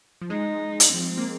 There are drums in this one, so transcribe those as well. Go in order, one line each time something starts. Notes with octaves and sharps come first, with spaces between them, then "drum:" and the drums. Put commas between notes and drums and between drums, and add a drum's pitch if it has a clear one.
F3
G#3 D#4
drum: hi-hat
F3 C4
A#3